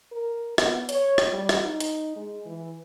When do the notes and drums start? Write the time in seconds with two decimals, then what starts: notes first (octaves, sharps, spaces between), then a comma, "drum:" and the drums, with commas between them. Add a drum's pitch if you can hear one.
0.12 A#4
0.58 B3, drum: rim click
0.89 C#5, drum: hi-hat
1.18 drum: rim click
1.33 G3
1.49 drum: rim click
1.65 D#4
1.80 drum: hi-hat
2.16 G#3
2.46 E3